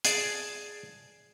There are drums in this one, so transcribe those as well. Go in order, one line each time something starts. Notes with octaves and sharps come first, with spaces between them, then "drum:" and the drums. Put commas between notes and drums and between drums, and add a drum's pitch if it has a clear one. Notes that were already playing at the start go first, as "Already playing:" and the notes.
G#4 D5 A5, drum: hi-hat